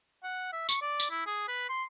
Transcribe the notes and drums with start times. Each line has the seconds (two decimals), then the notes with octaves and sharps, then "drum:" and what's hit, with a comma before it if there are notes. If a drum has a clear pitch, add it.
0.23 F#5
0.52 E5
0.69 C#6, drum: tambourine
0.82 D5
1.00 drum: tambourine
1.10 E4
1.26 G#4
1.48 B4
1.69 C6